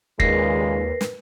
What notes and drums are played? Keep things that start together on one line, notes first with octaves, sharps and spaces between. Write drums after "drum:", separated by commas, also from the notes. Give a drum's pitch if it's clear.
D#2 A#2 C#3 G#3 A#4 B4 A#6 C7, drum: kick
drum: snare